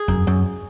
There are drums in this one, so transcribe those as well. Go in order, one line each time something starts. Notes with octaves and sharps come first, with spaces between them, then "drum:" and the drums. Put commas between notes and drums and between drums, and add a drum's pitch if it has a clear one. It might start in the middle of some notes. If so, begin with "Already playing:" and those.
Already playing: G#4
F#2, drum: kick E2
F#2